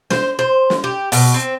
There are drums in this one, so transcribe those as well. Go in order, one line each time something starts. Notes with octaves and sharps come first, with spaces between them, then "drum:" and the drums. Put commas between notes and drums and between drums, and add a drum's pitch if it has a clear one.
C5, drum: snare
C5
drum: snare
G4
B2, drum: open hi-hat
C4